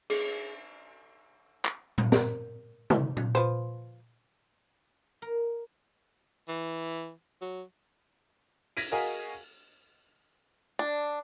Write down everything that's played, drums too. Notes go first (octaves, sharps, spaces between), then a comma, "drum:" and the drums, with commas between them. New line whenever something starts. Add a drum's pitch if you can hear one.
G#4, drum: cymbal
drum: clap
drum: tom A2
A#4, drum: snare
drum: tom
drum: tom A#2
F3 B4 C5
A#4
E3
F#3
G#6 A#6 B6 D7 D#7, drum: open hi-hat
F#4 G#4 A#4 D#5 F5 G#5
D4